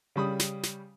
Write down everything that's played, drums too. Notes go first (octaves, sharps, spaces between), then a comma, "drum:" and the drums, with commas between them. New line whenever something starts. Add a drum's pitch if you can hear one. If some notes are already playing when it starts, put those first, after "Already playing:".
C#3 G3 B5 D#6
drum: snare
drum: snare